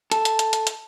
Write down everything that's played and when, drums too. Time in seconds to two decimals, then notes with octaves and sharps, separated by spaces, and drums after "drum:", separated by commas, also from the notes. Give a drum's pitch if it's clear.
0.12 A4, drum: hi-hat
0.25 drum: hi-hat
0.39 drum: hi-hat
0.53 drum: hi-hat
0.67 drum: hi-hat